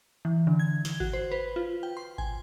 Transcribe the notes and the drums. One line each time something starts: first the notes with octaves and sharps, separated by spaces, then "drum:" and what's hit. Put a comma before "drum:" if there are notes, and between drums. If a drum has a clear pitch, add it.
E3
D3
G#6
G7, drum: snare
F#4, drum: kick G#1
C5
B4
F4
G5
C6
G#5, drum: kick G#1